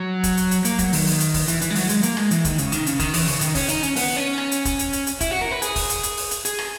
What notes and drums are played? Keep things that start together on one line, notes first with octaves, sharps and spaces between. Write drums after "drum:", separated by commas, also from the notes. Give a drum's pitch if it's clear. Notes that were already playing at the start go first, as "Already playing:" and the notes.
Already playing: F#3
drum: kick, hi-hat
drum: hi-hat
drum: hi-hat
A#3, drum: hi-hat
F#3, drum: kick, hi-hat
D#3, drum: open hi-hat
drum: open hi-hat
drum: hi-hat
drum: kick, open hi-hat
E3, drum: hi-hat
E3, drum: hi-hat
G#3
F#3, drum: open hi-hat
G#3, drum: hi-hat
A#3, drum: hi-hat
G#3, drum: rim click
E3, drum: hi-hat
D#3, drum: kick, hi-hat
C#3, drum: hi-hat
D#3, drum: hi-hat
C#3, drum: hi-hat
D#3, drum: kick, hi-hat
E3, drum: open hi-hat
C#3, drum: open hi-hat
D#3, drum: hi-hat
C#4, drum: kick, open hi-hat
D#4, drum: hi-hat
C#4, drum: hi-hat
B3, drum: open hi-hat
C#4
drum: rim click
drum: hi-hat
drum: kick, hi-hat
drum: hi-hat
drum: hi-hat
drum: hi-hat
E4, drum: kick, hi-hat
F#4
A#4
B4
G#4, drum: hi-hat
drum: kick, open hi-hat
drum: hi-hat
drum: hi-hat
drum: open hi-hat
drum: hi-hat
G#4, drum: hi-hat
drum: rim click